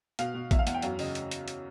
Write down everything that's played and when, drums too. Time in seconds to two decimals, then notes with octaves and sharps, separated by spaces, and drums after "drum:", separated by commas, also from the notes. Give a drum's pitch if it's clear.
0.19 B2 F5, drum: hi-hat
0.34 B2
0.51 E2 E5, drum: kick, hi-hat
0.59 F5
0.67 E2 F#5, drum: hi-hat
0.74 G5
0.82 F#2 F5, drum: hi-hat
0.99 C#3 D#5, drum: open hi-hat
1.15 drum: hi-hat
1.31 drum: hi-hat
1.48 drum: hi-hat